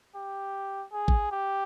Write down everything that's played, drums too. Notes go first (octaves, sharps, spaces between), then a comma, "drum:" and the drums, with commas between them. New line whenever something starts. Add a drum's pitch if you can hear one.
G4
G#4
drum: kick
G4